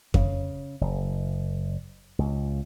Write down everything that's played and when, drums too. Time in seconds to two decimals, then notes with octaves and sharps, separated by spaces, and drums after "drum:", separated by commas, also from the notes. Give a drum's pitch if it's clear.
0.14 C#3, drum: kick F2
0.81 F#1
2.19 C#2